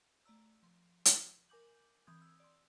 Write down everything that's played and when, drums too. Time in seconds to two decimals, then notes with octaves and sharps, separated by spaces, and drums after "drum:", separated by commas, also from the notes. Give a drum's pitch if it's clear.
0.25 A3 D5 A#5 E6
0.63 F3 C6
1.05 drum: hi-hat
1.49 A#4 G#5 D6 G6 F#7
2.07 E3 C4 D#6 G#6
2.22 E6
2.40 D5 C6